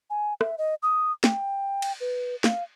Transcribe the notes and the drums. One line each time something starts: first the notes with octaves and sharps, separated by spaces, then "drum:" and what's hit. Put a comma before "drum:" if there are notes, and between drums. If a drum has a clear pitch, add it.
G#5
E5, drum: rim click
D#5
D#6
G5, drum: snare
drum: cymbal
B4
F5, drum: snare